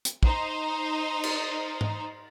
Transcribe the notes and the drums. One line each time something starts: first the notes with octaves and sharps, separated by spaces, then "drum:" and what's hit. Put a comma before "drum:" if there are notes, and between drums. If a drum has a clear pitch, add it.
drum: hi-hat
D#4 C5, drum: kick
drum: cymbal
drum: tom G#2